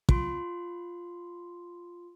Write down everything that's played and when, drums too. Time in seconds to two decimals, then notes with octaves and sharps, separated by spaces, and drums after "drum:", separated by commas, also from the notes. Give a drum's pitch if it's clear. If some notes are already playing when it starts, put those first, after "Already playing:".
0.09 F4 C6, drum: kick